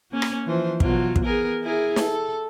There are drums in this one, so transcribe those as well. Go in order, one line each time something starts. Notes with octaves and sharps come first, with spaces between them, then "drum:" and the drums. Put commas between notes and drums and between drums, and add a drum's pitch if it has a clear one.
A#3 C#4
drum: rim click
E3 F3 C5
B2 F#3 F4, drum: kick
drum: kick
B3 G#4 A#4
E4 G#4 A#4
A4, drum: snare